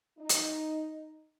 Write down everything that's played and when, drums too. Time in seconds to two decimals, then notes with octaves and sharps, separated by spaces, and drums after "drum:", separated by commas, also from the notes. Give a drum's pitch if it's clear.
0.18 D#4
0.29 drum: hi-hat